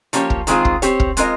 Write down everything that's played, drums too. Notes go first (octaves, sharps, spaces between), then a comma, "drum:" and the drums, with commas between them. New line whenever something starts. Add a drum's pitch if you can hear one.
F3 A#3 C#4 G4 C#5, drum: hi-hat
drum: kick
D#3 G#3 C4 F4 G#4, drum: hi-hat
drum: kick
C4 G4 C#5, drum: hi-hat
drum: kick
G#3 C4 F4 A#4 D#5, drum: hi-hat